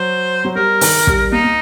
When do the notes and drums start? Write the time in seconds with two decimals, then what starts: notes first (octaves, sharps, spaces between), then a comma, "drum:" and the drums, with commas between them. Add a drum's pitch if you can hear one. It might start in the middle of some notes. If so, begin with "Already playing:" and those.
Already playing: F#3 C5
0.45 F#3
0.55 G3 A#4
0.81 D#3, drum: open hi-hat
1.07 G3, drum: kick
1.32 A#3 D#4
1.44 A#3